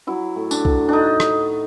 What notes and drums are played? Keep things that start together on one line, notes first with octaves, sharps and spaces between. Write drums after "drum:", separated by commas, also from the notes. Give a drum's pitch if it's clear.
F#3 E4
A2
D4, drum: tambourine
A2, drum: kick
A2 D4 D#4
drum: rim click